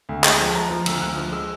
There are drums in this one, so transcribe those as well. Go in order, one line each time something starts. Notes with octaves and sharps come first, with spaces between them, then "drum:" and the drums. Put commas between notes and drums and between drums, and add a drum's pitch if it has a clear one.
D2
G#3 G5, drum: clap
F3
A5
F3 A#5
F3
D2 E6, drum: cymbal
F6
D2 F#6
F3 F6
G#3 E6